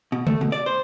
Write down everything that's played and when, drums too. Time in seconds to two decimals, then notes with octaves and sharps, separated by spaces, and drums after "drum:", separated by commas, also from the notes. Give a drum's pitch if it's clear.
0.12 B2
0.27 A3, drum: tom C#3
0.41 B2
0.52 D5
0.66 C5